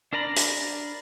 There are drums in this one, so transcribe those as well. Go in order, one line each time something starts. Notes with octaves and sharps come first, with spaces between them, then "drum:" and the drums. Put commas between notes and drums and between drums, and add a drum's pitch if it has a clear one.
D4 A#4 D5 A#5 B5
drum: hi-hat